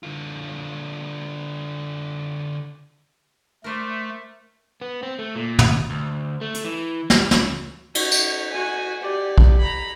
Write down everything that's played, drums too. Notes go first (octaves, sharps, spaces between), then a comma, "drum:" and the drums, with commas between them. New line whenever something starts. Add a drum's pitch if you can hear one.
D3 F4
A3 A#4 C5 D5
B3
C4
A3
A#2
D#2, drum: tom
D2
A3
drum: hi-hat
E3
G3, drum: snare
C#3, drum: snare
C#5, drum: cymbal
drum: tambourine
F#4 G#5
G4 D5
drum: kick
A#5 B5